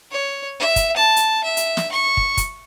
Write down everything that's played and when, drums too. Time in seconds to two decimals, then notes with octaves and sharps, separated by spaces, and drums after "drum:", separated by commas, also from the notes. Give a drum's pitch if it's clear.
0.11 C#5
0.59 E5
0.76 drum: kick, hi-hat
0.96 A5
1.16 drum: hi-hat
1.43 E5
1.57 drum: hi-hat
1.77 drum: snare
1.92 C#6
2.17 drum: kick
2.37 drum: kick, hi-hat